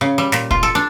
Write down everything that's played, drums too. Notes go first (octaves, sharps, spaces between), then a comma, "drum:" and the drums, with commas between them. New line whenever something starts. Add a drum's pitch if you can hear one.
C#3
G3
A#2, drum: snare
F4, drum: kick
A4
D4